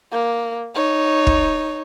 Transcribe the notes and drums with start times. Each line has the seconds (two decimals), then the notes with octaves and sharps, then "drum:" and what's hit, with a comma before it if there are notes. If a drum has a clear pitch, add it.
0.12 A#3
0.75 D#4 C#5
1.27 drum: kick